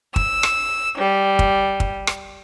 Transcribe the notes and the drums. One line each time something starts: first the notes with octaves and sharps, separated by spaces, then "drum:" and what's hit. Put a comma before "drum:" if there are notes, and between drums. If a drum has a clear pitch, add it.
E6, drum: kick
drum: rim click
G3
drum: kick
drum: kick
drum: rim click